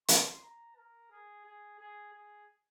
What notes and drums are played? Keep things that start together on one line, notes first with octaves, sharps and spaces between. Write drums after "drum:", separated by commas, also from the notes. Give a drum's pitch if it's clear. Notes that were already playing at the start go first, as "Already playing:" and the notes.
C6, drum: hi-hat
A#5
A#4
G#4
G#4
G#4
G#4